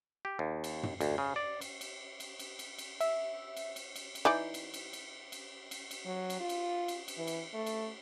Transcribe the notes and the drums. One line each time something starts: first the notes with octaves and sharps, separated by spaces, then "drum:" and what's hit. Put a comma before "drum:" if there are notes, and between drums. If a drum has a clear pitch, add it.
G4
D#2
drum: cymbal
drum: tom
D2, drum: cymbal
C#3
D5
drum: cymbal
drum: cymbal
drum: cymbal
drum: cymbal
drum: cymbal
drum: cymbal
E5, drum: cymbal
drum: cymbal
drum: cymbal
drum: cymbal
drum: cymbal
E3 D#4 D5
drum: cymbal
drum: cymbal
drum: cymbal
drum: cymbal
drum: cymbal
drum: cymbal
F#3
drum: cymbal
F4
drum: cymbal
drum: cymbal
drum: cymbal
E3
drum: cymbal
A3
drum: cymbal